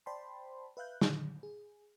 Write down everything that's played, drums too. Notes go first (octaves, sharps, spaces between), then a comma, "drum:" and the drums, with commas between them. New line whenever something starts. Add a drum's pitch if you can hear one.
C5 D5 G5 A5 B5 C6
B4 E5 F5 F#6 G6
D3 D#3 F#3, drum: snare
G#4